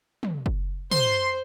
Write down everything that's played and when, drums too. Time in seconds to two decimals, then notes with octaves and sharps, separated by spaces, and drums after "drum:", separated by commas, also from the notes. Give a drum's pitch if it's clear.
0.23 drum: tom
0.46 drum: kick
0.91 C5 C6, drum: tom